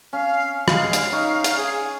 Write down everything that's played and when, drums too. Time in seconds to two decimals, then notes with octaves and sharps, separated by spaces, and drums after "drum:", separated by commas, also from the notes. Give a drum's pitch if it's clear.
0.13 C#4 F5
0.68 G#3 F5, drum: rim click
0.93 drum: hi-hat
1.12 D#4 C#6
1.44 drum: hi-hat
1.58 G#4